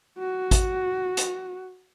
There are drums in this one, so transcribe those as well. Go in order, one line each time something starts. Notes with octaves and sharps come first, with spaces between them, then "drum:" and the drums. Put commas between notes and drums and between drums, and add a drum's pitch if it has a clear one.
F#4
drum: kick G#1, hi-hat
drum: hi-hat